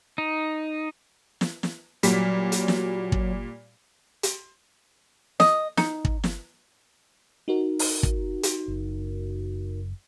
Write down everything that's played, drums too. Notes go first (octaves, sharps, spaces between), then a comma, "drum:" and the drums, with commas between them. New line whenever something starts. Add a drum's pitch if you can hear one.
D#4
drum: snare
drum: snare
A#2 F#3 G3 B6, drum: hi-hat
drum: hi-hat
drum: snare
drum: kick
drum: hi-hat
D#5, drum: snare
D#4, drum: snare
drum: kick
drum: snare
D#4 F#4 A#4
drum: open hi-hat
drum: kick
drum: hi-hat
F#1